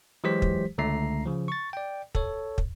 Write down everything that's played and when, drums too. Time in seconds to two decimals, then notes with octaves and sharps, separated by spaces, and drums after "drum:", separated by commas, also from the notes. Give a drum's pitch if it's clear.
0.24 E3 F#3 G#3 G4 C5 B6
0.42 drum: kick
0.78 C#2 D3 A3 A#5 C7
1.26 C#3 F3
1.48 C#6 A6
1.73 D5 G5
2.15 A4 C#5, drum: kick
2.58 drum: kick